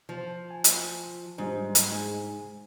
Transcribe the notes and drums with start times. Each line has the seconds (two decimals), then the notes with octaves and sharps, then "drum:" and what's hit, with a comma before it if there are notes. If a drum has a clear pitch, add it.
0.09 F3
0.51 G#5
0.64 drum: hi-hat
1.38 G#2 F#3 G3 D4
1.75 drum: hi-hat
1.92 G#3 D#4 G#5